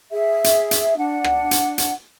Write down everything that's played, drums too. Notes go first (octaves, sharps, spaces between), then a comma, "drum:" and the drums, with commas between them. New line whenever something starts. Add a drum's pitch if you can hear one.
G#4 E5
drum: hi-hat
drum: hi-hat
D4 F#5
drum: rim click
drum: hi-hat
drum: hi-hat